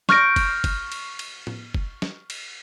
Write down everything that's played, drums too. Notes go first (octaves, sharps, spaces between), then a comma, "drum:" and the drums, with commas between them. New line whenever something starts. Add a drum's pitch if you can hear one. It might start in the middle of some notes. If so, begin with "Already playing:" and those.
C#6 F6 G6 A#6 D7, drum: snare
drum: kick, cymbal
drum: kick, cymbal
drum: cymbal
drum: cymbal
drum: tom
drum: kick
drum: snare
drum: cymbal